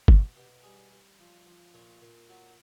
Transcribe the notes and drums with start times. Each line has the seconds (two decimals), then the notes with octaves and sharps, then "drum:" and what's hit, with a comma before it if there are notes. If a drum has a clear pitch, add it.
0.08 B2 F4, drum: kick G1
0.36 B2 G4
0.63 G3 G#4
0.91 G3
1.19 F3
1.46 F3
1.74 A#2 C#5
2.01 A#2
2.29 F#3